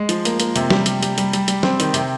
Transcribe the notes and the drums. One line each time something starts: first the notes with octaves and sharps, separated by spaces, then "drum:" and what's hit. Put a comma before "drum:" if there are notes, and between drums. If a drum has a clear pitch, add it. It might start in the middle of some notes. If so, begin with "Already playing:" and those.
Already playing: G#3
F3, drum: hi-hat
A#3, drum: hi-hat
A#3, drum: hi-hat
C3, drum: hi-hat
G3, drum: snare
G3, drum: hi-hat
G3, drum: hi-hat
G3, drum: hi-hat
G3, drum: hi-hat
G3, drum: hi-hat
C4, drum: snare
D#3, drum: hi-hat
C3, drum: hi-hat